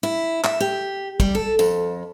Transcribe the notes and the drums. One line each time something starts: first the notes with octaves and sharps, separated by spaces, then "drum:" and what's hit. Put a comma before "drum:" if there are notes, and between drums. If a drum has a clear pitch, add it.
E4
E5, drum: clap
G4
G3, drum: kick
A4
F2, drum: tambourine